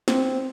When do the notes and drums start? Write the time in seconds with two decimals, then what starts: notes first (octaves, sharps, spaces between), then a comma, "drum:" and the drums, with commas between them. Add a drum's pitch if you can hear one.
0.08 C4, drum: snare